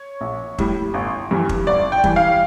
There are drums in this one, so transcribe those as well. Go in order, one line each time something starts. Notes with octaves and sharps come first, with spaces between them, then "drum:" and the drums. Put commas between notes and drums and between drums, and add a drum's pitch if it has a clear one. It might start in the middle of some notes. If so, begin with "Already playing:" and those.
Already playing: C#5
A#1
A2 G3, drum: kick
G1
G2 E3 G3
drum: kick
G1 D5
G5
G2 E3 G3, drum: kick
F5